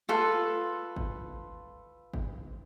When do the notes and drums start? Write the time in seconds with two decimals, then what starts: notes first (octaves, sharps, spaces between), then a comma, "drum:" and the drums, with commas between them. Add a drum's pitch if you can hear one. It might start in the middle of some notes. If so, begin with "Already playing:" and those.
0.09 F4 A4 B4
0.96 drum: kick G1
2.14 drum: kick G1